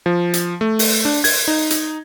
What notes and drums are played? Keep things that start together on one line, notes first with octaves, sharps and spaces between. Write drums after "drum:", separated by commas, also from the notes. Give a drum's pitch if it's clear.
F3
drum: hi-hat
A3
drum: open hi-hat
D4
G#6, drum: open hi-hat
D#4
drum: hi-hat